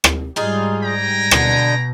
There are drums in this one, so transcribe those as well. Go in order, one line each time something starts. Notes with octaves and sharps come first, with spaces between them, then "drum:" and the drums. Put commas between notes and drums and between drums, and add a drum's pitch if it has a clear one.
drum: rim click
G#2 G3 D#4 F4 G#4
G5 G#5 A#5
B2 D3 B3, drum: rim click